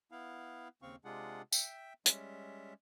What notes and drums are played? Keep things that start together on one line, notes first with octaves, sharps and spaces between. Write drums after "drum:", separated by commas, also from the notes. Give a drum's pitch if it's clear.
B3 E4 F5
D#2 C#3 C4 F5 C#6
C3 G#3 D4 F4 G#4 F#5
E5 G5, drum: tambourine
G3 G#3 C#4 E5, drum: hi-hat